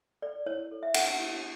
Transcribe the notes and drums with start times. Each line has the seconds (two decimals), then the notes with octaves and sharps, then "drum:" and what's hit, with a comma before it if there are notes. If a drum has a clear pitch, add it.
0.22 A4 D5
0.46 E4 C#5
0.71 A4
0.83 E5
0.94 A4 F#5, drum: cymbal
1.06 F#5
1.19 E4